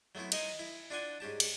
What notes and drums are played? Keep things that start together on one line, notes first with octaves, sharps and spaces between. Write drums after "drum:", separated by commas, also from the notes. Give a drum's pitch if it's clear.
F#3 A3 B3 C4 E4
D#4 A#4 D#5 F5 G#5 C6, drum: cymbal
E4
D4 F4 D5 F#5 G#5 C6
G#2 C#4 G4 A5
drum: cymbal